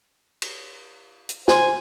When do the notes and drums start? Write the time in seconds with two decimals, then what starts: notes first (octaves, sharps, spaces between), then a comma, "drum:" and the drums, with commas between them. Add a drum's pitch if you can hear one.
0.42 drum: cymbal
1.29 drum: hi-hat
1.48 C5 G#5, drum: snare